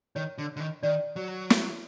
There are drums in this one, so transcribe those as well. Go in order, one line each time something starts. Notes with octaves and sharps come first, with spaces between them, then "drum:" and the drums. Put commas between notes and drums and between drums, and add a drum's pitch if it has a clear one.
D#3 C#5
D3
D3
D#3
D#3 D5
F#3
C#5, drum: snare